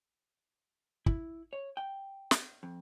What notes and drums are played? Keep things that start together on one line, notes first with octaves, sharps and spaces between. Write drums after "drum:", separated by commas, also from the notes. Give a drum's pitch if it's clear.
E4, drum: kick
C#5
G5
drum: snare
F2